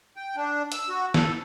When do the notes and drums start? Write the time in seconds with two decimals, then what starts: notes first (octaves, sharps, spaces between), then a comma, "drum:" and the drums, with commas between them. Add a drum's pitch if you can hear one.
0.16 G5
0.36 D4
0.72 E6, drum: hi-hat
0.89 F#4
1.14 A4, drum: snare